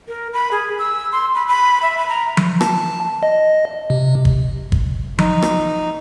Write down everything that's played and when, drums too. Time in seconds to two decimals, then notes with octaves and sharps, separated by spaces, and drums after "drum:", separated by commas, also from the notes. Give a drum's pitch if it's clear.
0.08 A#4
0.33 B5
0.51 G#4
0.79 E6
1.12 C6
1.35 B5
1.48 B5
1.82 E5
1.97 B5
2.09 A#5
2.37 drum: tom F3
2.61 A5, drum: rim click
3.23 D#5
3.90 C3
4.25 drum: kick G1
4.72 drum: kick G1
5.19 D#4, drum: tom F3
5.42 drum: rim click